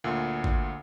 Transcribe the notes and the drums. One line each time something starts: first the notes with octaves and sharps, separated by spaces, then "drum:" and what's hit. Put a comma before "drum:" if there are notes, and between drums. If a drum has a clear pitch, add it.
D2 A#2
drum: kick G#1